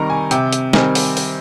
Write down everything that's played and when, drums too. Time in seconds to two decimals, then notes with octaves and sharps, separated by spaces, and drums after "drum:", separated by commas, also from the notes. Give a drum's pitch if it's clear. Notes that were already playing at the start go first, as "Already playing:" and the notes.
Already playing: C3 D#3 G3 A#5 C#6
0.10 G#5
0.31 C3 G5, drum: hi-hat
0.53 drum: hi-hat
0.73 D#3 G3 C4 G#5, drum: snare
0.95 drum: open hi-hat
1.17 drum: open hi-hat